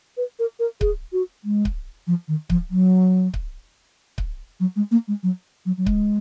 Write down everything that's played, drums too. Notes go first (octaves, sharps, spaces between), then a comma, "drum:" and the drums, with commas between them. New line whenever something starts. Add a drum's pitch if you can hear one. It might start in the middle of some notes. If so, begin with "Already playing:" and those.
B4
A#4
A#4
G#4, drum: kick C#1
F#4
G#3
drum: kick C#1
F3
D#3
F3, drum: kick C#1
F#3
drum: kick C#1
drum: kick C#1
F#3
G#3
A#3
G#3
F#3
F#3
F#3
G#3, drum: kick C#1